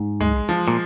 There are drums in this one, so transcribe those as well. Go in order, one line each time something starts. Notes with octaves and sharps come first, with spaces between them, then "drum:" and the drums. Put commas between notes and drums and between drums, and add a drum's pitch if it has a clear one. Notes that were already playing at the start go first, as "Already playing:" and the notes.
Already playing: G#2
G#3, drum: tom
F3
A#2